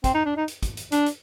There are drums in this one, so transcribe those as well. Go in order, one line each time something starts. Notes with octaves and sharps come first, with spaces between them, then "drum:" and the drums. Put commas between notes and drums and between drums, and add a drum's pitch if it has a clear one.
C4, drum: kick, hi-hat
D#4
D4
D#4
drum: hi-hat
drum: kick, hi-hat
drum: hi-hat
D4, drum: hi-hat
drum: hi-hat